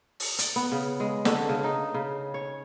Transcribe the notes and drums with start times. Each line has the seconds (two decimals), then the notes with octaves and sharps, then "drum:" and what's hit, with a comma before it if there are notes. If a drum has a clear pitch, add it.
0.20 drum: open hi-hat
0.39 D5, drum: hi-hat
0.56 B3
0.72 C#3
1.00 G#3
1.25 D3, drum: snare
1.49 C#3
1.64 D#4
1.94 C#3
2.34 C#5